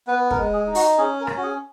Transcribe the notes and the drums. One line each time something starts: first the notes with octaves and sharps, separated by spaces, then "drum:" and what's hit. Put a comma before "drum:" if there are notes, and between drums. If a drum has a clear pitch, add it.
B3 B4
A#4, drum: kick
G#3
G#4
D#4
F#4, drum: open hi-hat
C#4 G#4
A#4
C#4, drum: rim click
F#4
G#4